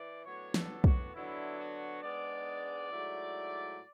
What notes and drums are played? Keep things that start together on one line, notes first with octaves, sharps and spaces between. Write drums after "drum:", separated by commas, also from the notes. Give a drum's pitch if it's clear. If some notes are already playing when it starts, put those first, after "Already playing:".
Already playing: E3 D5
A2 F#3 B3 D4 C#5
A4, drum: snare
F#4, drum: kick
D3 F#3 B3 D4 E4
F#4
G#2 G#3 B3 D4 D5
G#2 F#3 A3 E4